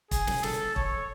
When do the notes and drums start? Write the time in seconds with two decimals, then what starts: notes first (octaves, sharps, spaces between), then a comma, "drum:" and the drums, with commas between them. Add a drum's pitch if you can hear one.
0.11 G#4, drum: kick, hi-hat
0.27 drum: snare
0.43 A4, drum: snare
0.76 C#5, drum: kick